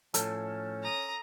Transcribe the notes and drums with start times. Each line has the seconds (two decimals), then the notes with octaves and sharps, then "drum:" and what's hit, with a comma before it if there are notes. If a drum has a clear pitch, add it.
0.14 A2 F3 C#4 A4, drum: hi-hat
0.83 A#5 D#6